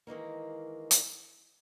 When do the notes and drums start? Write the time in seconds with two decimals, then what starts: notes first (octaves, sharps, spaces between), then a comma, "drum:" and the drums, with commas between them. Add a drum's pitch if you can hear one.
0.07 D#3 E3 G#3 A#3
0.91 drum: hi-hat